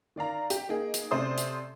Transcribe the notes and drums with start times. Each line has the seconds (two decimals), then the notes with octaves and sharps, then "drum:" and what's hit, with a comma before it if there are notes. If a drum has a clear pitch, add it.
0.16 D#3 D5 F5 A#5
0.50 G4, drum: hi-hat
0.69 A#3 D#4 G#4
0.94 drum: hi-hat
1.11 C3 A3 C#4 C5 D5 D#6
1.38 drum: hi-hat